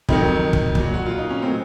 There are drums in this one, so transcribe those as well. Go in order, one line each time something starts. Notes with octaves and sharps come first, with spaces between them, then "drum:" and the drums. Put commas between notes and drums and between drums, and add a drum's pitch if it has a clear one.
F2 D#3 F#3 D#4, drum: kick
drum: kick
A#2 F#3, drum: kick
F#4
F4
D#4
C#4
A2 F#3 C4